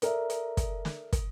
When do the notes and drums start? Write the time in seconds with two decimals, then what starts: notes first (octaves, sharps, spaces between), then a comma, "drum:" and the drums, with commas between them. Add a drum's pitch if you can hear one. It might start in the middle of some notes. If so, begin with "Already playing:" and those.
0.02 A4 A#4 D5 E5, drum: hi-hat
0.30 drum: hi-hat
0.57 drum: kick, hi-hat
0.85 drum: snare
1.13 drum: kick, hi-hat